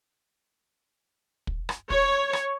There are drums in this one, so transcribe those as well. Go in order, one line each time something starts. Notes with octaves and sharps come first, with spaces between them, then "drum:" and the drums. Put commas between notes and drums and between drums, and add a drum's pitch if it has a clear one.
drum: kick
drum: rim click
C#5, drum: kick
drum: rim click